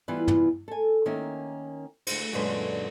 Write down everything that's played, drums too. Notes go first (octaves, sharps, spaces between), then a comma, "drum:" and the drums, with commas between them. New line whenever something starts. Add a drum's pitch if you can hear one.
E3 G3 B3 E4 F4 B4
drum: tom
A4 G#5
D#3 A#3 C#4 E5
D2 C5, drum: cymbal
F#2 A#2 D3 G#3 B4 C#5